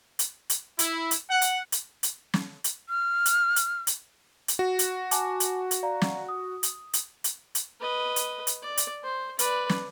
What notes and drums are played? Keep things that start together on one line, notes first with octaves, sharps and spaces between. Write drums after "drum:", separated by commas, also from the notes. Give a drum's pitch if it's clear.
drum: hi-hat
drum: hi-hat
E4, drum: hi-hat
drum: hi-hat
F#5
drum: hi-hat
drum: hi-hat
drum: hi-hat
drum: snare
drum: hi-hat
F6
drum: hi-hat
drum: hi-hat
drum: hi-hat
drum: hi-hat
F#4
drum: hi-hat
G#5 A5 D6, drum: hi-hat
drum: hi-hat
drum: hi-hat
D5 F5 A#5
drum: snare
D#6
drum: hi-hat
drum: hi-hat
drum: hi-hat
drum: hi-hat
B4 D#5
drum: hi-hat
drum: hi-hat
D5
drum: hi-hat
C5
B4 D5, drum: hi-hat
drum: snare